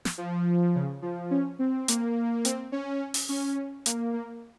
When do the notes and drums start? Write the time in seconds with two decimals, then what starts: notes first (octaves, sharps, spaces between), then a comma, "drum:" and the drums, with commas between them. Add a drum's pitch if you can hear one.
0.05 drum: snare
0.18 F3
0.75 C#3
1.02 F3
1.31 C#4
1.59 C4
1.88 A#3, drum: hi-hat
2.45 C4, drum: hi-hat
2.72 C#4
3.14 drum: open hi-hat
3.29 C#4
3.86 A#3, drum: hi-hat
4.13 A#3